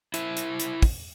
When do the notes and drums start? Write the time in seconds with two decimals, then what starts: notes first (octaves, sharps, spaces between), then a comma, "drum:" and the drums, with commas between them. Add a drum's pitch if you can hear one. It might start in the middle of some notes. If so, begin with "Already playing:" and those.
0.14 E4 C5 E5, drum: hi-hat
0.37 drum: hi-hat
0.60 drum: hi-hat
0.82 drum: kick, open hi-hat